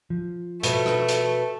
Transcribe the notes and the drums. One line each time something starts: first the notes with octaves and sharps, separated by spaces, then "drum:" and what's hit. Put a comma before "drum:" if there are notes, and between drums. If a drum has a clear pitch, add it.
F3
B2 A3, drum: hi-hat
drum: rim click
drum: hi-hat